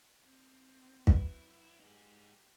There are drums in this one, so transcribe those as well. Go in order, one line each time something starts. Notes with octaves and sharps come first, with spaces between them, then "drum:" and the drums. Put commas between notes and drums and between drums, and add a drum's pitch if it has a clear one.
C4
F#2 E4 B4, drum: kick
D#4 G4 G#4